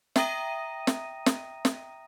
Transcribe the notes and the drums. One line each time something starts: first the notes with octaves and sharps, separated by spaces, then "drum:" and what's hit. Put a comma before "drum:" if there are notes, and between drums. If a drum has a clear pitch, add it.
E5 G5 A#5 D#6 A#6 D#7, drum: snare
drum: snare
drum: snare
drum: snare